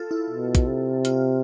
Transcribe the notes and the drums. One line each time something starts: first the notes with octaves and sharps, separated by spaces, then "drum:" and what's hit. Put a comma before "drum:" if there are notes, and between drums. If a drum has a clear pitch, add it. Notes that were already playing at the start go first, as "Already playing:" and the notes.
Already playing: F4 A4
E4
B2
drum: kick, hi-hat
C3
F4, drum: hi-hat